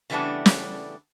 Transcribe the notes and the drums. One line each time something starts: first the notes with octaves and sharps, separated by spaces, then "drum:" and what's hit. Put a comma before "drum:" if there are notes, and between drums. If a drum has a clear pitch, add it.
C#3 E3 G3 A3 B3 D4
drum: snare